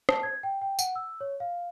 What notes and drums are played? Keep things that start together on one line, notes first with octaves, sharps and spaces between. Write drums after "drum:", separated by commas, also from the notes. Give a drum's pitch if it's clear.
A5, drum: rim click
G#6
G5
G5
F#5, drum: tambourine
E6
C#5
F5